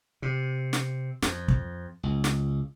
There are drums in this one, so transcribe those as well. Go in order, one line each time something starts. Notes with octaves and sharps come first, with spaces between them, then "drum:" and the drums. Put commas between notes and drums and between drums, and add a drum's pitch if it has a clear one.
C3
drum: snare
F2, drum: snare
drum: kick
C#2
drum: snare